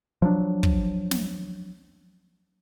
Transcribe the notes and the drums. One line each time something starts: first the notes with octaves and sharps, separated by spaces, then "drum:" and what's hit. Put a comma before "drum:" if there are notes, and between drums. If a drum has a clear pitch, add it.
F3 F#3 D4
drum: kick
drum: snare